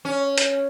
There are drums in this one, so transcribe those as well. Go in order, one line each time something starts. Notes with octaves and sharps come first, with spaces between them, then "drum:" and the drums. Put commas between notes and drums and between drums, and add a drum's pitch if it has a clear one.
C#4
drum: hi-hat